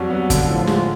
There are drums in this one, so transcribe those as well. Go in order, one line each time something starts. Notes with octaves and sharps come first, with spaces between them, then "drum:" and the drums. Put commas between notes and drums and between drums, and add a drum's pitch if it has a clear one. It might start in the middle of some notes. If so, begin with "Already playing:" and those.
Already playing: F2 F#3 G3 F#4
B3
D3, drum: kick, hi-hat
A2 F3 F4
G#3, drum: snare